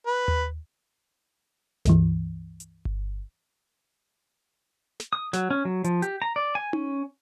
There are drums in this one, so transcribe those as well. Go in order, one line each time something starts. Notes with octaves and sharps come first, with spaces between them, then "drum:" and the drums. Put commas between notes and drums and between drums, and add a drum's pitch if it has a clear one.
B4
drum: tom D#2
C#2 G2 E3, drum: snare
drum: hi-hat
drum: kick G1
drum: snare
D#6
F#3, drum: snare
C#4
F#3
F3, drum: hi-hat
G4, drum: hi-hat
A#5
D5
G#5
C#4, drum: tom D#4